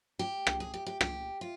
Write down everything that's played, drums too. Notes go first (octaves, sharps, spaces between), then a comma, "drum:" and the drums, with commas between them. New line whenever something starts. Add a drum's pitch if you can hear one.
G4
drum: rim click
G#4
G4
G4
G4, drum: rim click
F4